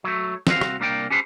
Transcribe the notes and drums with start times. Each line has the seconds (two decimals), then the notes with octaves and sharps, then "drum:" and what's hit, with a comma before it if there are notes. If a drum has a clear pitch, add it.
0.04 F#3 A3
0.47 C2 C4 F#4 F5, drum: snare
0.61 drum: rim click
0.80 C2 A#3 D4 A#4 D5 G5
1.10 C#4 G4 A4 B4 C5